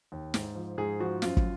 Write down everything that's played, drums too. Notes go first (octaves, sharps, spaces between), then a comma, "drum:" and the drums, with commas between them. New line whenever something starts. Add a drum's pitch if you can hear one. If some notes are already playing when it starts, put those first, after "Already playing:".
D#2
G#2, drum: snare
F3
G#2 G#4
F3 F#4
F#2 F4, drum: snare
drum: kick